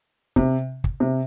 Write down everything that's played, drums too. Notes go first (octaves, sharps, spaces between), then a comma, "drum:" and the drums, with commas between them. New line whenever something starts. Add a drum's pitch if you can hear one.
C3, drum: kick
drum: kick
C3